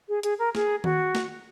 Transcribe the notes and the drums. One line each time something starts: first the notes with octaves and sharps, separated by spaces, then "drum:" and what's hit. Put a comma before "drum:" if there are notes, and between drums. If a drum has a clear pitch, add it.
G#4
G#4, drum: hi-hat
A#4
G#4, drum: snare
F#4, drum: tom D#3
drum: snare